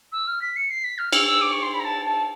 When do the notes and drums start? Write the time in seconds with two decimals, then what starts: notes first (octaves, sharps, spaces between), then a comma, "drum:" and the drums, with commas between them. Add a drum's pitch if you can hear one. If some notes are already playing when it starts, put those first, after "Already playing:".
0.12 E6
0.27 F6
0.41 B6
0.56 C#7
0.70 C7
0.84 B6
0.98 F6
1.13 E6, drum: cymbal
1.26 E6
1.41 D6
1.51 C#6
1.62 C6
1.73 B5
1.79 A#5
1.84 A5
2.05 A5